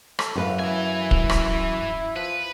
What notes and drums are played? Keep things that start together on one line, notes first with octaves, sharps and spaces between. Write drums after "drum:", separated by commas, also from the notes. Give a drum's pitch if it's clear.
A4, drum: rim click
F#2 A2 B4 F5
E3 E4 G#5
drum: kick
drum: rim click
F3 B4